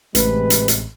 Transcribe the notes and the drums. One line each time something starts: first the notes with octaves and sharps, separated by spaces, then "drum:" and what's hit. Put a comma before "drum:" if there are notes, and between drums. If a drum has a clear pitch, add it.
A1 C3 G#3 B4, drum: hi-hat
drum: hi-hat
drum: hi-hat